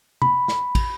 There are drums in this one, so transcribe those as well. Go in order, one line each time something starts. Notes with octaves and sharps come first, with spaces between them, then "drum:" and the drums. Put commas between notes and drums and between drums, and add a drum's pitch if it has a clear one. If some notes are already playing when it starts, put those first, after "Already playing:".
B5, drum: tom C3
drum: snare
drum: kick, cymbal